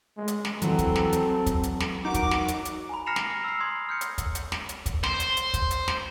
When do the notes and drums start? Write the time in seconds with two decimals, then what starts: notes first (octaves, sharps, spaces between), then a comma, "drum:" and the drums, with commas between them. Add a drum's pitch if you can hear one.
0.17 G#3
0.28 drum: hi-hat
0.45 drum: snare
0.62 E3 F#3 C4 A4, drum: hi-hat
0.79 drum: kick, hi-hat
0.96 drum: snare
1.12 drum: hi-hat
1.46 drum: kick, hi-hat
1.63 drum: hi-hat
1.80 drum: snare
2.05 D#4 F#4 A#4 D6
2.14 drum: kick, hi-hat
2.31 drum: snare
2.48 drum: hi-hat
2.65 drum: hi-hat
2.89 G#5 A#5 B5
3.06 F6 A#6 C7 C#7 E7 F7
3.16 drum: snare
3.44 E6 C7
3.61 B5 C6 D#6 G#6
3.89 F6 G6 C#7
4.01 drum: hi-hat
4.18 drum: kick, hi-hat
4.35 drum: hi-hat
4.52 drum: snare
4.69 drum: hi-hat
4.86 drum: kick, hi-hat
5.03 C5, drum: snare
5.20 drum: hi-hat
5.37 drum: hi-hat
5.54 drum: kick, hi-hat
5.71 drum: hi-hat
5.88 drum: snare